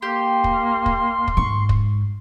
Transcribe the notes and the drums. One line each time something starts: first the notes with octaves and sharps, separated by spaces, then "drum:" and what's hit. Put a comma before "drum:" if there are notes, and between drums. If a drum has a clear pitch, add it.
A#3 G4 C6
drum: kick
drum: kick
drum: kick
G#2 C#6
drum: kick